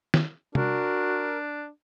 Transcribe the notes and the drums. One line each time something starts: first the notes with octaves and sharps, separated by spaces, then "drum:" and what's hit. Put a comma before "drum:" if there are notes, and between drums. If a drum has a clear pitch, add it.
drum: snare
D4 F#4 A#4, drum: tom C3